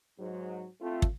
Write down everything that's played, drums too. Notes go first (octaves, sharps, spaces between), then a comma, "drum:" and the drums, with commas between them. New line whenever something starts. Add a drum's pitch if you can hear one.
G#2 F#3
A3 C4 F4
drum: kick